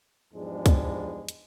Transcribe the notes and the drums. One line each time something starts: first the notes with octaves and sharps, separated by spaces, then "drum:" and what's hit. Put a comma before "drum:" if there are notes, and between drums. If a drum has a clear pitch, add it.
E2 G#2 F3 G3 G#3 D4
drum: kick, hi-hat
drum: hi-hat